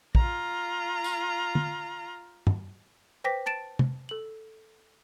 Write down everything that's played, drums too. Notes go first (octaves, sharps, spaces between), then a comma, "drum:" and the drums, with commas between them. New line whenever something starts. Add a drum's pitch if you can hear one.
F4 A#5, drum: kick A#1
drum: tambourine
drum: tom
drum: tom
B4 C5 G5 D6 A#6 B6
A5 A6 D7 E7
drum: tom
A4 F#7